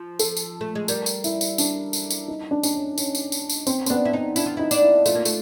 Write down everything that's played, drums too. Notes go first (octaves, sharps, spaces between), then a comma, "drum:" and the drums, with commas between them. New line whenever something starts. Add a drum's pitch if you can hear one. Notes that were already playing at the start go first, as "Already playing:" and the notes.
Already playing: F3
A4, drum: tambourine
drum: tambourine
A3
G#3
G3 A#4, drum: tambourine
drum: tambourine
E4, drum: tambourine
drum: tambourine
D4, drum: tambourine
drum: tambourine
drum: tambourine
D#4
D4
D4, drum: tambourine
C#4
C#4, drum: tambourine
drum: tambourine
drum: tambourine
drum: tambourine
C4, drum: tambourine
C4, drum: tambourine
B3 D4
E4
C4 D#4
D4 E4, drum: tambourine
F4
D#4 E4
D4, drum: tambourine
E4
A3 F4, drum: tambourine
A#3
A3, drum: tambourine